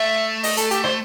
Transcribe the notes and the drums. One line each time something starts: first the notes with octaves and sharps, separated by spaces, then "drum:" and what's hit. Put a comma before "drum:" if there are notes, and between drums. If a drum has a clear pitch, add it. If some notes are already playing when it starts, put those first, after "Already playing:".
Already playing: A3 E5
D#5, drum: open hi-hat
A4, drum: hi-hat
G4, drum: hi-hat
C5, drum: rim click